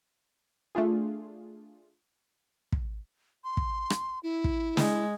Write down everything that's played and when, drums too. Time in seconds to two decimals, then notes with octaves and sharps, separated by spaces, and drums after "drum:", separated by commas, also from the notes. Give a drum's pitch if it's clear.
0.75 A3 D4 F4 G#4
2.72 drum: kick
3.44 C6
3.57 drum: kick
3.90 drum: rim click
4.23 E4
4.44 drum: kick
4.77 G#3, drum: snare